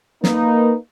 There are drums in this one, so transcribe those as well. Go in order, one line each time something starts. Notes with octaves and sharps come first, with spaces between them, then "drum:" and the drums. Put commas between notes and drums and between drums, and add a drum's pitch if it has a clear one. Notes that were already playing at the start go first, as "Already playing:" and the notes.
A#3 D#4 B4, drum: snare